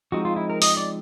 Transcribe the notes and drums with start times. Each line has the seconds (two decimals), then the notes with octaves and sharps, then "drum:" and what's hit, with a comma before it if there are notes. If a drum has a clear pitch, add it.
0.12 F3 G#3 C4 D#4 F#4
0.25 F4
0.36 E4
0.50 A#4
0.62 D#5, drum: open hi-hat
0.77 D5